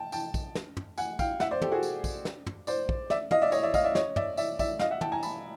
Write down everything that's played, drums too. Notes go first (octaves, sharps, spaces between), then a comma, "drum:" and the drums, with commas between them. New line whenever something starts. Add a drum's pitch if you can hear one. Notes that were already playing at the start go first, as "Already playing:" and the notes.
Already playing: G5 A5
G5 A5, drum: tambourine
drum: kick, tambourine
drum: snare
drum: tom
F#5 G#5, drum: tambourine
F5 G5, drum: kick, tambourine
E5 F#5, drum: snare
C5 D5
G4 A4, drum: tom
F#4 G#4
drum: tambourine
drum: kick, tambourine
drum: snare
drum: tom
C5 D5, drum: tambourine
drum: kick
D5 E5, drum: snare
D#5 F5, drum: tom
D5 E5
C#5 D#5, drum: tambourine
D5 E5
D#5 F5, drum: kick, tambourine
D5 E5
C#5 D#5, drum: snare
D5 E5, drum: tom
D5 E5, drum: tambourine
D5 E5, drum: kick, tambourine
D#5 F5, drum: snare
E5 F#5
G5 A5, drum: tom
G#5 A#5
A5 B5, drum: tambourine